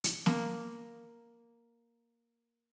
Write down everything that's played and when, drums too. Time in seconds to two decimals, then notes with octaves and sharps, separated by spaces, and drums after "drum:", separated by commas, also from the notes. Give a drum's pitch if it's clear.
0.04 drum: hi-hat
0.26 A#3, drum: snare